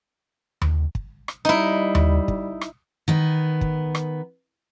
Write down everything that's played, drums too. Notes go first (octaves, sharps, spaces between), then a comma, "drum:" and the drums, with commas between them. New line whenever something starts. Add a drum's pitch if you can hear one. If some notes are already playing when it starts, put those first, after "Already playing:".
drum: tom D#2
drum: kick
drum: rim click
G3 D#4 E4
drum: tom D#2
drum: kick
drum: rim click
D#3 B3
drum: kick
drum: rim click